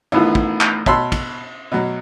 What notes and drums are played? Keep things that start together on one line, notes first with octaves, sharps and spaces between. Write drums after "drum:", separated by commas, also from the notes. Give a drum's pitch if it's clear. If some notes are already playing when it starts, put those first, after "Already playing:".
A1 A2 D#3 B3 F4
drum: kick
drum: clap
B2 C#5 A5 B5 C6 E6, drum: kick
drum: kick, cymbal
B2 F#3